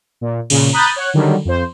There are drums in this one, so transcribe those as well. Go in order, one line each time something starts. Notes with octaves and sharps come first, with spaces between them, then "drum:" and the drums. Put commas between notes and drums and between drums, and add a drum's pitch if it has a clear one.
A#2
A#2 C#3, drum: cymbal
A#5 B5 D#6 F#6 G6 A6
C#5 F#5
D3 D#3 F#3 G3
F2 C5